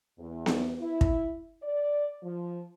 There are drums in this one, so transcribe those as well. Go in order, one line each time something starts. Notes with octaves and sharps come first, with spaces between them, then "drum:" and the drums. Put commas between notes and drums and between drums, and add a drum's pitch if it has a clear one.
E2
drum: snare B3
E4
drum: kick
D5
F3